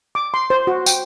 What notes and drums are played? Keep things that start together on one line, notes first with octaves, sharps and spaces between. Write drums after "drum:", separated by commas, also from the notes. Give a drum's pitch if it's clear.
D6
C6
C5
F#4
G5, drum: tambourine